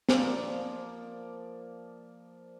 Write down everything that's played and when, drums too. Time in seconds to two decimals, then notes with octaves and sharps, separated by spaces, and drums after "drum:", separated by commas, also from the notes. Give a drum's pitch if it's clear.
0.09 F3 A#3 D5, drum: snare